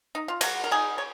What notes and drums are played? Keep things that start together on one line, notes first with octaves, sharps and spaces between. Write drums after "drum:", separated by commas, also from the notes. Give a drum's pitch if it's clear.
D#4
F4
F#3 F#4, drum: cymbal
A#4
D#4 G#4
C#5